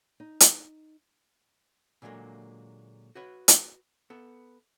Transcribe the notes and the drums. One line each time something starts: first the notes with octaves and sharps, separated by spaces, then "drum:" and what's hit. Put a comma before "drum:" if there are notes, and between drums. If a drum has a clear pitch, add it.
D#4
drum: hi-hat
A#2 D3 F#3 G#3 A#3
F#4 B4 C#5
drum: hi-hat
B3 A4